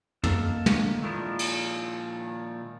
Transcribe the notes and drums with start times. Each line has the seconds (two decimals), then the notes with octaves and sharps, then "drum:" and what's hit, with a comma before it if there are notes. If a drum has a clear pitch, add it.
0.23 D#3 A#3 A4, drum: tom
0.66 drum: tom
1.03 A#2 D#3 F3 G#3 D4 E4
1.39 drum: cymbal